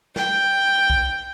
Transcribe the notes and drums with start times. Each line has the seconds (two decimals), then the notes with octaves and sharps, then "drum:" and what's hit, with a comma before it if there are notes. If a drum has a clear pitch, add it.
0.16 G5, drum: snare
0.90 drum: kick B1